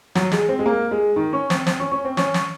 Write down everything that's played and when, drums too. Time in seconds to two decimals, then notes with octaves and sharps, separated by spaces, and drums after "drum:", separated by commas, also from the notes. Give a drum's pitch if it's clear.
0.15 F#3, drum: snare
0.32 G#3, drum: snare
0.49 C4
0.59 G#3
0.66 A#3
0.91 G#3
1.16 D#3
1.33 C#4
1.50 C4, drum: snare
1.67 C4, drum: snare
1.80 C#4
1.92 C#4
2.05 C4
2.17 C#4, drum: snare
2.34 drum: snare